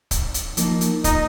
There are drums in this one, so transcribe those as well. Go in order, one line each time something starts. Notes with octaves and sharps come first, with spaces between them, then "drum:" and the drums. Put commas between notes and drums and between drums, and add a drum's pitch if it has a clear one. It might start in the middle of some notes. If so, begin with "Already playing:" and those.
drum: kick C#1, hi-hat
drum: hi-hat
F3 A#3 D#4, drum: hi-hat
drum: hi-hat
D#4, drum: kick C#1, hi-hat